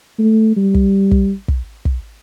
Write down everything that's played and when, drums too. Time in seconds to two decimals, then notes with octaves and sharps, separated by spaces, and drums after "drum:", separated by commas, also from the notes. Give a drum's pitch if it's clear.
0.19 A3
0.57 G3
0.74 drum: kick
1.11 drum: kick
1.48 drum: kick
1.85 drum: kick